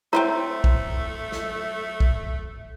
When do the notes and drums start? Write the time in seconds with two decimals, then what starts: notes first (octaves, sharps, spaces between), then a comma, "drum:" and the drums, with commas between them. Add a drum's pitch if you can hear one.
0.13 A3 C4 E4 C5 C#5 E5 A#5
0.64 drum: kick
1.32 drum: snare
2.00 drum: kick